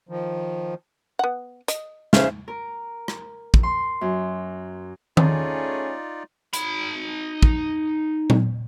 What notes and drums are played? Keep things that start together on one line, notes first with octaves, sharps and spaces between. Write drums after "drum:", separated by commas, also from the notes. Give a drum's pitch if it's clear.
D#3 F3
B3 F#5
D#5, drum: hi-hat
C#3 C5 E5, drum: snare
A#4
drum: rim click
drum: kick
C6
F#2
A3 C#4 D#4 F4 G#4 D5, drum: tom D#3
D#4 B5, drum: hi-hat
drum: kick
drum: tom